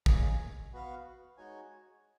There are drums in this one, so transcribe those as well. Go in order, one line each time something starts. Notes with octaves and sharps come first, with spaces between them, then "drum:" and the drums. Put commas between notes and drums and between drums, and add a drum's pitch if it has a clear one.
A#3 C#4 G#4 D#5 G#5, drum: kick
B3 F#4 B4 F5
G#3 D#4 F#4 C#5 G#5